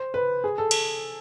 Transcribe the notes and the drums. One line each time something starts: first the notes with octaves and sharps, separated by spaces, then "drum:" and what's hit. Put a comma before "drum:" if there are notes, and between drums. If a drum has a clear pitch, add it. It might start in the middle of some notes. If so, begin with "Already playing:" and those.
Already playing: C5
B4
G#4
A4
drum: cymbal